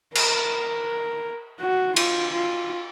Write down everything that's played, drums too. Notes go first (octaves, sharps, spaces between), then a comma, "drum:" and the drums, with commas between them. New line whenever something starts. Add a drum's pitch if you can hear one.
A#4, drum: cymbal
F#4
F4, drum: cymbal
F4